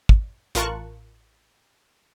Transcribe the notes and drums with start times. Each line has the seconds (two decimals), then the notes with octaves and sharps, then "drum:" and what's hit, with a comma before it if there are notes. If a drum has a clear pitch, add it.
0.09 drum: kick
0.55 A1 F4 A#4 A5 C#6 F#6, drum: hi-hat